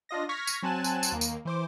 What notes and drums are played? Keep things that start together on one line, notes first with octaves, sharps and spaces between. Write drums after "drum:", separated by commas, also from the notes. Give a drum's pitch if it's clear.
D4 F4 D#5 A#6
C#6 F6 G#6 A#6 B6
drum: tambourine
F#3 C4 G#5 A5 F#6 E7
drum: tambourine
drum: tambourine
D#2 A#3
drum: tambourine
E3 C5 D6